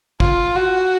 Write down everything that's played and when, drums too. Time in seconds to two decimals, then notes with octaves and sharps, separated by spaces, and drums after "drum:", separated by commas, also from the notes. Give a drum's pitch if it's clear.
0.20 F4, drum: kick
0.56 F#4